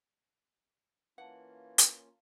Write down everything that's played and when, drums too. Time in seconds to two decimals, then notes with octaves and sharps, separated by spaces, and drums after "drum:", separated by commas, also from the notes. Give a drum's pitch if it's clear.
1.18 E3 A#3 C#4 F4 F5 F#5 A5
1.78 drum: hi-hat